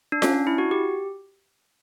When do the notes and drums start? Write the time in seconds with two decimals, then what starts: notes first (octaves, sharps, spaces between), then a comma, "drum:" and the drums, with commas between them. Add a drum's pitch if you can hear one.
0.12 D4
0.22 C#4, drum: snare F4
0.34 D4
0.47 E4
0.58 F#4
0.71 G4